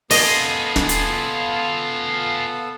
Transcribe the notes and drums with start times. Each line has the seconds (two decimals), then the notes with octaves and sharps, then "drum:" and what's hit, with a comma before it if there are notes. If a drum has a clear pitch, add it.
0.11 B3 F4 G#4 A4 D#5, drum: open hi-hat
0.76 drum: snare
0.89 drum: hi-hat